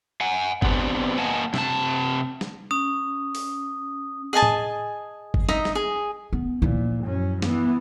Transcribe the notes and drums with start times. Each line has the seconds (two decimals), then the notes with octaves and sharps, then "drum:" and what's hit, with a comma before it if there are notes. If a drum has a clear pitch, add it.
0.21 F#5 G#5
0.62 B3 C4 D4 G4 B4, drum: kick G1
1.18 A#3 D#5 F#5 G#5 A5
1.54 C3 A5, drum: snare
2.41 drum: snare
2.71 C#4 D#6
3.35 drum: open hi-hat
4.33 G#4 D#5 G#5 A5
4.42 drum: tom
5.34 drum: kick G1
5.49 D#4 D#5 E5, drum: snare
5.65 drum: snare
5.75 G#4
6.33 B3
6.62 A#2 F3 E4
7.05 F#2 C#4
7.42 E3 B3, drum: snare